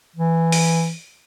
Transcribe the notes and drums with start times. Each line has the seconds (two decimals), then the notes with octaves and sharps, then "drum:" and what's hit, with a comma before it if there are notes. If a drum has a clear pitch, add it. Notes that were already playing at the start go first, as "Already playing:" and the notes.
0.16 E3
0.52 drum: open hi-hat